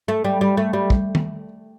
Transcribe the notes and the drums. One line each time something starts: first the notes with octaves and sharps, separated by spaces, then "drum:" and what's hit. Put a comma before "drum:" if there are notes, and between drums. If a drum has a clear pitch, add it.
A3
G3
G3
A3
G3
drum: kick
drum: tom